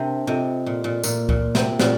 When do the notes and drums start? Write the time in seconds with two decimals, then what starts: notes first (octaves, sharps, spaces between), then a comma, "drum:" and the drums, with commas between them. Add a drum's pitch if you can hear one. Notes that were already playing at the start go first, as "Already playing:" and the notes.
Already playing: C3 D4 A#4 A5
0.27 C3 C4 F4 A4 D#5
0.66 A#2
0.84 A#2
1.04 A#2 A#3 F4 A#4, drum: tambourine
1.29 A#2, drum: kick C#2
1.55 C3, drum: snare
1.79 A#2 C4 G4, drum: snare